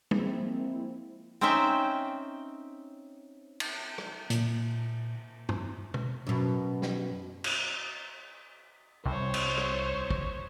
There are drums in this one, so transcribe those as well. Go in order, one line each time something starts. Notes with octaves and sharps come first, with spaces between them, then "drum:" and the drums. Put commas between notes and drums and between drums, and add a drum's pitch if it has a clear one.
F3 G#3 A#3 C4 E4, drum: tom
C4 C#4 D#4 C5 E5 G5
drum: cymbal
drum: rim click
A#2, drum: hi-hat
drum: tom G2
drum: tom
F#2 B2
drum: snare
drum: cymbal
C2 C5 C#5
drum: cymbal
drum: rim click
drum: kick